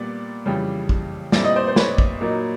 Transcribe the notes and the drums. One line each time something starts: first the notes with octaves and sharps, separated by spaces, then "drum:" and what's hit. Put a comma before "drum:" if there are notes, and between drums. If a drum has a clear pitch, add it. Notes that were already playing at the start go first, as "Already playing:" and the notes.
Already playing: A#2 G3 B3 D5
F2 C#3 E3 G3
drum: kick
A#2 G3 C4 E4 D5, drum: snare
D#5
C5 D5
C5
B4 C#5, drum: snare
drum: kick
A#2 F#3 A#3 D#4